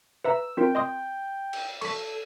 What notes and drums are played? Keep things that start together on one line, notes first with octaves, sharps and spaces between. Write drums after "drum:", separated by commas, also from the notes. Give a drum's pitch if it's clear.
B4 E5 A#5 E6
C4 F4 A#4 G5
D#5 C6 D#6
drum: cymbal
A4 C#6 B6, drum: cymbal